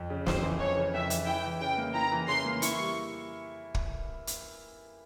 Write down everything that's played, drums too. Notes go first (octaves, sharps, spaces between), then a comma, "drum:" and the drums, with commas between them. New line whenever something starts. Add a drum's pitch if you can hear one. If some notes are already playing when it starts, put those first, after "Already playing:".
Already playing: F2
C#3
F2 C5, drum: snare
E3
F2 C#5
C#3
F2 E5
E3, drum: hi-hat
E4 G5
E3
C#3 G5
A#3
E4 A#5
E3
C#3 C6
A#3
E4 C#6, drum: hi-hat
G3
drum: kick
drum: hi-hat